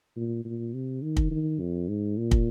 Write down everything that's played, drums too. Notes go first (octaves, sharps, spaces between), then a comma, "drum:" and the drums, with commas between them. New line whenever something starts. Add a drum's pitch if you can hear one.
A#2
A#2
C3
D#3
drum: kick
D#3
F2
G#2
A#2
drum: kick